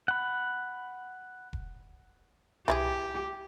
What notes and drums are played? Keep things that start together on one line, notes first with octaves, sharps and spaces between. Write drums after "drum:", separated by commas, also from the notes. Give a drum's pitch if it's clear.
F#5 B5
drum: kick E1
E3 E4 G4 G#4, drum: tom C2